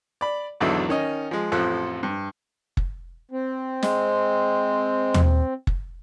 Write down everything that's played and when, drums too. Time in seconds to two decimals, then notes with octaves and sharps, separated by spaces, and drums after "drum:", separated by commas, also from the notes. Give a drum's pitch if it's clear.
0.21 D5 B5
0.60 G#1 E2 D3 F#3 E5
0.89 D#3 C#4 D#5
1.31 F3 G#3
1.52 A1 F2 F3 A4 F#6
2.03 G2
2.77 drum: kick F#1
3.31 C4
3.83 G#3, drum: snare
5.14 drum: tom D#2
5.67 drum: kick F#1